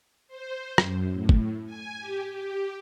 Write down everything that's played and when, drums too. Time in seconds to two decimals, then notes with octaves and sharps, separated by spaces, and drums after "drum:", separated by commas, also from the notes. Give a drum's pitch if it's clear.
0.28 C5
0.78 F#2, drum: rim click
1.12 A2
1.29 drum: kick
1.65 G#5
1.99 G4
2.32 G4